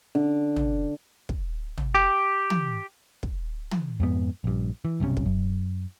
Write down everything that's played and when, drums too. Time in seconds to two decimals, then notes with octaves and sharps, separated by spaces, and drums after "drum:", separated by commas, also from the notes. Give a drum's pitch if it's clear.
0.15 D3
0.56 drum: tom
1.29 drum: kick
1.78 drum: tom
1.94 G4
2.50 drum: tom
3.23 drum: kick
3.71 drum: tom
4.00 F2 G#2 B3
4.44 A#1 G2
4.85 E3
5.00 B1 G2 C3 C#4
5.17 drum: kick
5.26 F#2